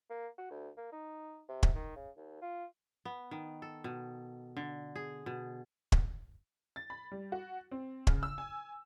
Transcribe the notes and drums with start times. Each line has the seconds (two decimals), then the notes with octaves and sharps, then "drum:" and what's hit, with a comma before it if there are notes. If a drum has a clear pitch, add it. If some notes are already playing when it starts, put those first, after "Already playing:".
0.10 A#3
0.38 F#4
0.50 D2
0.77 A#3
0.92 D#4
1.48 C3
1.63 drum: kick
1.75 D#3
1.96 C#3
2.17 D#2
2.42 F4
3.05 B3
3.31 D#3
3.62 A4
3.84 B2
4.57 D3
4.96 G#4
5.26 B2
5.92 drum: kick
6.76 A6
6.90 B5
7.12 G3
7.32 F#4
7.71 C4
8.07 C#3, drum: kick
8.23 E6
8.38 G#5